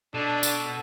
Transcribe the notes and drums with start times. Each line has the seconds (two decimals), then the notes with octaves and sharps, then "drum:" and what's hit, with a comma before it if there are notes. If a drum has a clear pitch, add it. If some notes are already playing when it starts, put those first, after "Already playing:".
0.14 B2 D4 A4
0.43 drum: tambourine